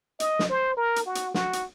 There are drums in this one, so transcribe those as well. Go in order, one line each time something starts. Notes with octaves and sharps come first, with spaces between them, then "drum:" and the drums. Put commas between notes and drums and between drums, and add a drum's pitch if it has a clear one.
D#5, drum: hi-hat
drum: snare
C5
A#4
drum: hi-hat
F#4
drum: hi-hat
F#4, drum: snare
drum: hi-hat